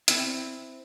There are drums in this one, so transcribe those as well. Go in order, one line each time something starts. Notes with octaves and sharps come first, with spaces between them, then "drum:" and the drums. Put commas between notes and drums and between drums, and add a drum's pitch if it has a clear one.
C4 E4, drum: hi-hat